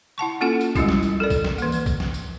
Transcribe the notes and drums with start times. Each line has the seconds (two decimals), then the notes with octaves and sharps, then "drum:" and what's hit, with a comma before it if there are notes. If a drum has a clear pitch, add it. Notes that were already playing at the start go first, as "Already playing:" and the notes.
0.18 E4 F#5 A5 C#6
0.41 A#3 C#4 F4 A4 F#5
0.61 drum: tambourine
0.75 G3 G#3 C#4 E4 F#4, drum: kick B1, tambourine
0.89 drum: snare
1.03 drum: tambourine
1.20 A4 A#4 D5
1.30 drum: kick B1, tambourine
1.44 drum: snare
1.58 E3 A#3, drum: tambourine
1.72 drum: tambourine
1.86 drum: kick B1, tambourine
2.00 drum: snare
2.14 drum: tambourine